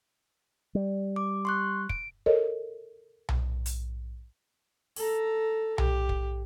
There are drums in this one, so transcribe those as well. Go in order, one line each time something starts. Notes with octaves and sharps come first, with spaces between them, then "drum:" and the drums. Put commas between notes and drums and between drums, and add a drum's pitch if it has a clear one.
G3
D6
C6 C#6 F#6
D7, drum: kick
A4 A#4 C#5 D#5
drum: tom B1
drum: hi-hat
A4 A#5, drum: open hi-hat
G4, drum: tom B1
drum: kick